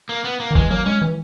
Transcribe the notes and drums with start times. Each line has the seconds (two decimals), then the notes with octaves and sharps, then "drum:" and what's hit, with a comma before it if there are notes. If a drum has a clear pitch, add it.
0.09 A#3
0.24 B3
0.40 A#3
0.51 D#3
0.55 E3 G#3, drum: kick
0.71 F#3 A#3
0.86 G#3 C#4
1.02 E3